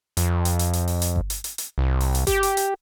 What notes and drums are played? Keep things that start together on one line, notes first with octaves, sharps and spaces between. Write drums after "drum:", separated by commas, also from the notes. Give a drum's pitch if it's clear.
F2, drum: hi-hat
drum: hi-hat
drum: hi-hat
drum: hi-hat
drum: open hi-hat
drum: hi-hat
drum: kick G1
drum: hi-hat
drum: hi-hat
drum: hi-hat
C2
drum: open hi-hat
drum: hi-hat
G4, drum: kick G1, hi-hat
drum: hi-hat
drum: hi-hat